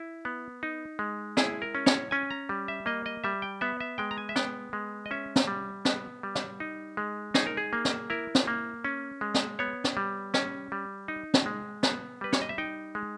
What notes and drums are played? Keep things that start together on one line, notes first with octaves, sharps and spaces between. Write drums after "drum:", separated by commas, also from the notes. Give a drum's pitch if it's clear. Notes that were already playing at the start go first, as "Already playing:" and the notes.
Already playing: E4
B3
D#4
G#3
E4 G#4, drum: snare
A#4
C#4
C#5, drum: snare
C#4 G#5
A#5
G3
E5
A#3 D#5
D#5
G3 E5
G5
B3 E5
E5
G#3 G5
A#5
G#5
E5
B3 G5, drum: snare
G#3
D#5
C#4 E5
drum: snare
G3
B3, drum: snare
G3
drum: snare
D#4
G#3
D#4 G#4, drum: snare
A#4
G#4
A#3
drum: snare
E4 A#4
drum: snare
A#3
C#4
G#3
drum: snare
B3 C#5
drum: snare
G3
C#4, drum: snare
G3
D#4
drum: snare
G#3
B3, drum: snare
G3 B4
C#5, drum: snare
D#5
E5
D#4 G5
G#3